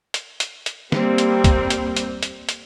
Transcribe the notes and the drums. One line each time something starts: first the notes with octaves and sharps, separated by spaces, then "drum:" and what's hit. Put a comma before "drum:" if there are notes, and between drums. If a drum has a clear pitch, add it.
drum: hi-hat
drum: hi-hat
drum: hi-hat
G3 A#3 C4, drum: snare
drum: hi-hat
drum: kick, hi-hat
drum: hi-hat
drum: hi-hat
drum: hi-hat
drum: hi-hat